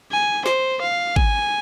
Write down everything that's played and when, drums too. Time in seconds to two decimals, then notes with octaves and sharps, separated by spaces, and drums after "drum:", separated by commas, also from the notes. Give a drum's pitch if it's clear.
0.11 G#5
0.46 C5, drum: snare
0.81 F5
1.16 G#5, drum: kick G#1